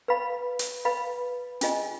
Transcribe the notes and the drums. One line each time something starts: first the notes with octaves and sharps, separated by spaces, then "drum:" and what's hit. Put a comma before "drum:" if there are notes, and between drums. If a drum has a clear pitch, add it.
B4 F5 B5
drum: hi-hat
B4 F5 B5
C#4 F4 G#4 D#5 G#5, drum: hi-hat